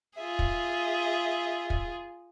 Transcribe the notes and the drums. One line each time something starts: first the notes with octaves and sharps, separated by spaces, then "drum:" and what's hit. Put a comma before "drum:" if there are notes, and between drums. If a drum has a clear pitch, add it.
F4 G#4 E5
drum: kick
drum: kick